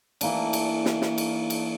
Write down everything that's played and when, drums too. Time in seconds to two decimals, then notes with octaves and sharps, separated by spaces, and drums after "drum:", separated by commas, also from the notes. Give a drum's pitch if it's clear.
0.21 E3 A#3 D4, drum: cymbal
0.53 drum: cymbal
0.85 drum: snare
1.02 drum: snare
1.18 drum: cymbal
1.50 drum: cymbal